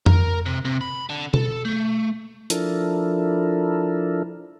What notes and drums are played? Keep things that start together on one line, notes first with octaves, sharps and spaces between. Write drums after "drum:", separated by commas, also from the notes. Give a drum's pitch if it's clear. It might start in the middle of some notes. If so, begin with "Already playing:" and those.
A#4, drum: tom F2
C3
C3
B5
D3
A4, drum: tom B2
A3
F3 D4 E4 A4 A#4, drum: hi-hat